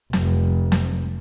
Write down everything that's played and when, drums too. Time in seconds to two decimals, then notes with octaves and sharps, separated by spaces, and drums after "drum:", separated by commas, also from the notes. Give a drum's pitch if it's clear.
0.13 F1, drum: snare
0.72 drum: snare